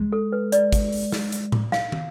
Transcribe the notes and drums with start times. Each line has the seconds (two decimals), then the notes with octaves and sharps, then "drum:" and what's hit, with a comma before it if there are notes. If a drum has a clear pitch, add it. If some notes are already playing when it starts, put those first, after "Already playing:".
Already playing: G#3
0.12 A4
0.32 B4
0.52 D5, drum: hi-hat
0.72 drum: kick G#1, hi-hat
0.92 drum: open hi-hat
1.12 drum: snare
1.32 drum: hi-hat
1.52 drum: tom A2
1.72 F5, drum: snare
1.92 drum: tom